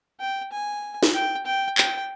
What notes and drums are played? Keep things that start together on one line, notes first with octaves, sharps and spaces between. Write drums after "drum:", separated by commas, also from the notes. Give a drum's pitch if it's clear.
G5
G#5
drum: snare
G5
G5
G5, drum: clap